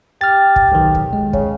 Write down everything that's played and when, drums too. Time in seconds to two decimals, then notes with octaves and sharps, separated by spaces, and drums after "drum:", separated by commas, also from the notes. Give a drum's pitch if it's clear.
0.21 G4 F6 A6
0.56 drum: kick
0.72 B1 D#3
0.95 drum: kick
1.13 G#3
1.33 C#3, drum: kick